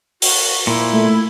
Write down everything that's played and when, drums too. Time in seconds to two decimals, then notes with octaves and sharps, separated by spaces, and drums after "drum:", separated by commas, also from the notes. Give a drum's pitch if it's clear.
0.22 F#4, drum: open hi-hat
0.67 A#2 E4
0.93 A3